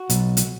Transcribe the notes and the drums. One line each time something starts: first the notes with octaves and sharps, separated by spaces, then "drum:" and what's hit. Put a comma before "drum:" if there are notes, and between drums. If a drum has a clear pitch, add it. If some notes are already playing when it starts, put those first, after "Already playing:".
Already playing: F#4
B1, drum: hi-hat
drum: hi-hat